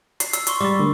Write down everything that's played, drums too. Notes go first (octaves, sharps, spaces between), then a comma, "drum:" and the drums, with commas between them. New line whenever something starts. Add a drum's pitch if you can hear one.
C7, drum: hi-hat
E6, drum: hi-hat
C6 C#6 E6, drum: hi-hat
G3 D6 E6 A6
D3 A3 A#4